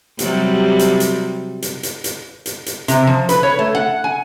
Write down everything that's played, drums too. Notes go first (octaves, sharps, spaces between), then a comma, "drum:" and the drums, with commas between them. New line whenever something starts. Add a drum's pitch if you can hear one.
C3 F#3 G3, drum: hi-hat
drum: hi-hat
drum: hi-hat
drum: hi-hat
drum: hi-hat
drum: hi-hat
drum: hi-hat
drum: hi-hat
C3, drum: hi-hat
F3
B4, drum: hi-hat
C#5
A3
F#5
G#5